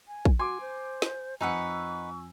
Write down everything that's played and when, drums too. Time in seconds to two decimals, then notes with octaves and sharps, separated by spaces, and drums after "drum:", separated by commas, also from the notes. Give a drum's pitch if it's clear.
0.08 G#5
0.25 drum: kick
0.39 F#4 G#5 C6 D6
0.61 C5
1.02 drum: snare
1.41 F2 D#4 B4 F#5 G#5 C#6 E6